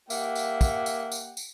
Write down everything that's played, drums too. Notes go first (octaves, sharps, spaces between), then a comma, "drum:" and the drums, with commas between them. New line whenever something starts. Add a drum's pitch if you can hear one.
A#3 G4 E5 F#5, drum: tambourine
drum: tambourine
drum: kick, tambourine
drum: tambourine
drum: tambourine
drum: tambourine